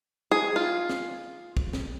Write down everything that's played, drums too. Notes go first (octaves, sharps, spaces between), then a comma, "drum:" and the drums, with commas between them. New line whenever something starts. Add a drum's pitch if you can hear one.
G#4
F4
drum: snare
drum: kick
drum: snare